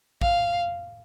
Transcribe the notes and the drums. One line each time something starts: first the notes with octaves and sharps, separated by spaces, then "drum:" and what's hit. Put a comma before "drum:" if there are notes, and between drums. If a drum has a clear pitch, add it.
F5, drum: kick A#1